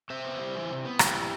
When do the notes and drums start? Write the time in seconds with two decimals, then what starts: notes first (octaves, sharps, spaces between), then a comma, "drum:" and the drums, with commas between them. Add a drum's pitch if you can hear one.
0.10 C3 C5 E5
0.25 B3
0.40 G3
0.55 E3
0.70 C3
0.85 B3
0.99 G3 E4 G4, drum: rim click
1.15 E3